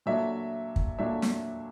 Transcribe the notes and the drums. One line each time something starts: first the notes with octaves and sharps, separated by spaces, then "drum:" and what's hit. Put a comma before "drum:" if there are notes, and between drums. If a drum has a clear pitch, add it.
A#2 F#3 A3 D4 E5
drum: kick
A#2 F#3 A3 D4 E5
drum: snare